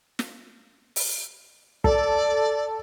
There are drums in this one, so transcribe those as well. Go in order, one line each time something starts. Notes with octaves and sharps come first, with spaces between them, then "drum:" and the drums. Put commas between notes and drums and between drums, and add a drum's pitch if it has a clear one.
drum: snare
drum: open hi-hat
A4 D5, drum: kick